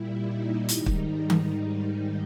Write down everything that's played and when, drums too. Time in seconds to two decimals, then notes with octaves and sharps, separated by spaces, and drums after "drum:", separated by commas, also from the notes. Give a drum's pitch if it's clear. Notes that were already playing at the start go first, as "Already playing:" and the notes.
Already playing: A#2 G3 E4
0.21 D#4
0.69 G#2 D#3 G3 D#4, drum: hi-hat
0.86 drum: kick
1.16 D#4
1.30 drum: tom D#3